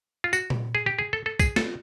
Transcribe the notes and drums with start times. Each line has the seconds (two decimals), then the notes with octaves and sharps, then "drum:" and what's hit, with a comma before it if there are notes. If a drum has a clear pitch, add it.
0.24 F4
0.33 F#4, drum: tambourine
0.50 drum: tom A#2
0.75 G#4
0.86 G4
0.99 G#4
1.13 A4
1.26 A4
1.39 G#4, drum: kick, tambourine
1.56 A4, drum: snare